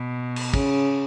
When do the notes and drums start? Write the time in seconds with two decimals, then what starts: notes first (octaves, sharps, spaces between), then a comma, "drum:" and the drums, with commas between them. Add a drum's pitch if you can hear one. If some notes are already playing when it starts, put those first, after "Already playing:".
Already playing: B2
0.36 drum: cymbal
0.54 C#3, drum: kick